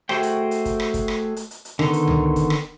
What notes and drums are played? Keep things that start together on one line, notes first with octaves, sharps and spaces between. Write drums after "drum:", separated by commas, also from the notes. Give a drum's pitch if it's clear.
A3 F#4 G#4 C5 G5, drum: rim click
drum: hi-hat
drum: hi-hat
drum: kick, hi-hat
drum: rim click
drum: kick, hi-hat
drum: rim click
drum: hi-hat
drum: hi-hat
drum: hi-hat
D3 D#3 B3 C6, drum: rim click
drum: hi-hat
drum: tom C#2
drum: kick, hi-hat
drum: rim click